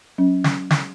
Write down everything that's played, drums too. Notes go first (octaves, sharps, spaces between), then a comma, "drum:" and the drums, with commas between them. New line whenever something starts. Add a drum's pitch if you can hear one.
F#3 C#4
drum: snare
drum: snare